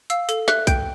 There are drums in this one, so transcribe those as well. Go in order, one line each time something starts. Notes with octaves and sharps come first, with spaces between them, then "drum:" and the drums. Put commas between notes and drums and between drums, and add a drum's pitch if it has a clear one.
F5 E6, drum: hi-hat
A4, drum: hi-hat
E5 F#6, drum: snare
G5 G6, drum: kick, hi-hat